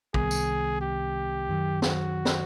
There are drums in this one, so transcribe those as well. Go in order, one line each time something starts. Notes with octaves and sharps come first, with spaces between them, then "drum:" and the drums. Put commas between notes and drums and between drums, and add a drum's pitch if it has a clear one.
C2 C3 D#3 G3 B3 G#4, drum: kick
drum: tambourine
G4
F#2 D#3 F#3
F#4, drum: snare
drum: snare